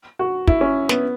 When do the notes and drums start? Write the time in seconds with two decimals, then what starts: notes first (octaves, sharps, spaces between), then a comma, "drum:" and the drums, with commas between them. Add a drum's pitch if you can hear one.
0.19 F#4
0.47 E4, drum: kick
0.61 C#4
0.89 B3, drum: snare